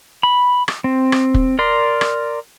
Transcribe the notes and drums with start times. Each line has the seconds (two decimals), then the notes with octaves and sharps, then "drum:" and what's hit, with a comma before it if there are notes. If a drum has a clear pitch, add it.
0.23 B5
0.68 drum: rim click
0.84 C4
1.12 drum: rim click
1.34 drum: kick
1.59 A#4 D5 C6
2.01 drum: rim click